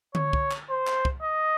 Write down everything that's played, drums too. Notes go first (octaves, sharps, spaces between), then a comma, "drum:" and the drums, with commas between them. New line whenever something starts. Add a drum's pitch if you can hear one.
C#5, drum: tom D3
drum: kick
drum: clap
C5
drum: clap
drum: kick
D#5